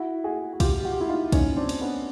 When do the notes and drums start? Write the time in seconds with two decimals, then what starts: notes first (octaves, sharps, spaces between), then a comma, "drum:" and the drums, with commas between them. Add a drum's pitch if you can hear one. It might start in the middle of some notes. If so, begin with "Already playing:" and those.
Already playing: E4 F#4
0.24 F#4 G#4
0.53 F#4
0.60 F4 G4, drum: kick, cymbal
0.85 F#4
0.92 G4
1.00 E4 F#4
1.09 D#4 F4
1.32 C#4 D#4, drum: kick, cymbal
1.57 C4 D4
1.69 drum: cymbal
1.81 B3 C#4